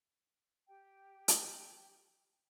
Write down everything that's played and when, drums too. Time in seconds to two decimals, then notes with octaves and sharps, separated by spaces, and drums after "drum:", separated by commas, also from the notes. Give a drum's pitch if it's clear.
0.68 G4 G5
1.28 drum: hi-hat